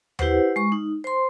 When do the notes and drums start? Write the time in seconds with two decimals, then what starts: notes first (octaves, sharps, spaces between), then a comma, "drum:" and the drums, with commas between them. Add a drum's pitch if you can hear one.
0.19 E4 G4 B4 C5 F#5, drum: tom D#2
0.56 G#3 C#6
0.72 D#4
1.04 C5 C6